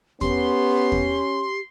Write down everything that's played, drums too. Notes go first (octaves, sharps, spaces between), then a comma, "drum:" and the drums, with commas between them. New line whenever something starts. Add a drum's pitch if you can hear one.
B3 C#4 G4 C6, drum: kick E2
drum: kick E2